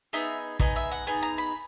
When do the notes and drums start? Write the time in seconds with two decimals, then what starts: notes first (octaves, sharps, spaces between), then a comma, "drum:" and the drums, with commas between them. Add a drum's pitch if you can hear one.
0.13 B3 D#4 G#4 E5
0.60 B3 D#4 G#4 D#5, drum: kick
0.76 E5
0.91 F#5
1.07 B3 D#4 G#4 G#5
1.23 A#5
1.38 B5